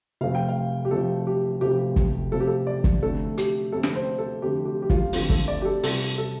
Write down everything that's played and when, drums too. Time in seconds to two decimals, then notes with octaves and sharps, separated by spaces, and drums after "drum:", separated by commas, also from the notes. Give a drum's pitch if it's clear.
0.21 F1 F2 F3 A3 F5
0.35 G5
0.48 F5
0.85 G4
0.91 F1 F2 F3 A3 A4
1.27 G4
1.61 F1 F2 F3 A3 G4
1.96 drum: kick
2.32 F1 F2 F3 A3 A4
2.40 G4
2.47 A4
2.67 D5
2.84 drum: kick
3.02 F2 D3 A3 A4
3.38 G4, drum: hi-hat
3.72 F2 D3 A3 A4
3.83 drum: snare
3.95 C5
4.18 A4
4.42 F2 D3 A3 G4
4.65 G4
4.82 G4
4.90 F4, drum: kick
5.13 F2 D3 A3 F4, drum: open hi-hat
5.30 A4, drum: kick
5.48 D5
5.62 G4
5.65 A4
5.83 C2 C3 G3 A4, drum: open hi-hat
6.18 A4